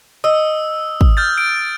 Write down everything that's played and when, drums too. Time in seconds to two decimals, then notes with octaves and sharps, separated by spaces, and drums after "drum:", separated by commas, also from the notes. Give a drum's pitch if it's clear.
0.24 D#5 D#6 E6
1.01 drum: kick
1.17 F6 G6 A6
1.38 D7